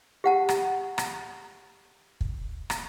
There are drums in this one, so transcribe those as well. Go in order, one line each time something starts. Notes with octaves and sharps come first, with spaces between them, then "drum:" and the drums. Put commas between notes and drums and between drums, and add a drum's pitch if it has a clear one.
G4 F#5 A5
drum: rim click
drum: rim click
drum: kick
drum: rim click